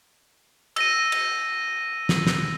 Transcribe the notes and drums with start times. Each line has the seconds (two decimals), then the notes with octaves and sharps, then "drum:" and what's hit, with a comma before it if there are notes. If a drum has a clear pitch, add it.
0.76 E6 A#6 D#7, drum: cymbal
1.12 drum: cymbal
2.09 drum: snare
2.27 drum: snare